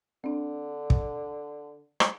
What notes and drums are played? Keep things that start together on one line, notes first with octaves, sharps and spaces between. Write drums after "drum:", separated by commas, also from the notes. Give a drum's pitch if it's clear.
D3 C4 D4
drum: kick
drum: rim click